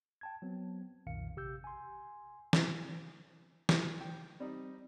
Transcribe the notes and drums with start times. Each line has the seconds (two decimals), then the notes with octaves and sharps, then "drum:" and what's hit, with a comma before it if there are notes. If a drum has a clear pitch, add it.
0.21 G5 A5 G#6
0.42 F#3 B3 C4
1.07 B1 F2 A#2 D#3 F5 C#7
1.36 A1 C3 G4 E6 G6
1.64 G#5 C6
2.53 drum: snare
3.69 drum: snare
4.01 G5
4.40 G3 C4 D#4